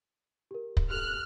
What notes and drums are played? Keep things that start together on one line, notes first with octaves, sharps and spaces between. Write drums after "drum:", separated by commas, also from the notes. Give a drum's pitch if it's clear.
G4 A#4
drum: kick
G4 A4 F6 F#6